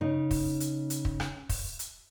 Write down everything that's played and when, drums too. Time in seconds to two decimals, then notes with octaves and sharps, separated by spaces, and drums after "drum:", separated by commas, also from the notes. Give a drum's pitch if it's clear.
0.01 C#3 D#4
0.31 drum: kick, open hi-hat
0.60 drum: hi-hat
0.90 drum: hi-hat
1.05 drum: kick
1.20 drum: rim click
1.49 drum: kick, open hi-hat
1.79 drum: hi-hat